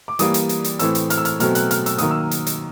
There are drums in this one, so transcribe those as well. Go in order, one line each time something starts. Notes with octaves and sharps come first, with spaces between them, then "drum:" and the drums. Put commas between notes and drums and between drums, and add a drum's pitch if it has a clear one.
D6
E3 G3 A#3 D#6, drum: hi-hat
drum: hi-hat
drum: hi-hat
drum: hi-hat
A2 E3 A3 C4 E6, drum: hi-hat
drum: hi-hat
F6, drum: hi-hat
E6
F6, drum: hi-hat
B2 F#3 A3 C4 F6, drum: hi-hat
F#6, drum: hi-hat
F6, drum: hi-hat
E6, drum: hi-hat
D#3 F#3 A#3 D#6, drum: hi-hat
E6
drum: hi-hat
drum: hi-hat